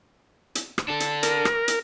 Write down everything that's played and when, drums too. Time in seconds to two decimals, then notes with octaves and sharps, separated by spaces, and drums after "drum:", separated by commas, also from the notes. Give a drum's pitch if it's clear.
0.55 drum: hi-hat
0.78 drum: rim click
0.88 D4 A4
1.00 drum: hi-hat
1.23 A#4, drum: hi-hat
1.45 drum: rim click
1.68 drum: hi-hat